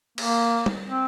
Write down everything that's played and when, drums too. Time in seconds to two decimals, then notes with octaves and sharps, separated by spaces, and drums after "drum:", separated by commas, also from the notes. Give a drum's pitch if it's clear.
0.18 A#3, drum: cymbal
0.66 drum: tom
0.88 C4